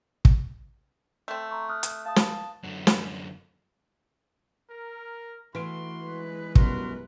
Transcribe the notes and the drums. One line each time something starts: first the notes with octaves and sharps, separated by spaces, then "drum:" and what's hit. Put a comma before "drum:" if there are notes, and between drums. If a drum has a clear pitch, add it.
drum: kick
A3 C4
A#5 C6 C#6
D#6 F6 F#6
drum: hi-hat
F5 A5 D#6
drum: snare
F#2 D3
drum: snare
A#4
E3 A3 F#4 C6 F6 D7
G#3 B4
F#2 B2 G3 F#4 A#4 C6, drum: kick